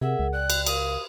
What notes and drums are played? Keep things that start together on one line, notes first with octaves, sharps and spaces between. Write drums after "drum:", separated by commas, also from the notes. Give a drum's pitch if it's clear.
C3 G#4 A#4 E5 F#5
C#2
D5 G5 F#6
drum: cymbal
A#4 F5 D#6, drum: cymbal